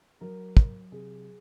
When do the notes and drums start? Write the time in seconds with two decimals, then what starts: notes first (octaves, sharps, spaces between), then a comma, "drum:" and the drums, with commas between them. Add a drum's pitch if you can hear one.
0.21 F#3 A#4
0.57 F#3, drum: kick
0.92 C3 G#4